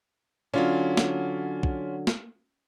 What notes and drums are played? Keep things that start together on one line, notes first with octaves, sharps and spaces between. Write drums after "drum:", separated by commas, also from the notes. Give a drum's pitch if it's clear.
D3 F#3 C#4 F4
drum: snare
drum: kick
drum: snare